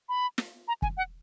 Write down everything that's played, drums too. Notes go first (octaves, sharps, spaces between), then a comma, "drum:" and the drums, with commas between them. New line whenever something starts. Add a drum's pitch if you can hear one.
B5
drum: snare
A#5
G#5, drum: kick
F#5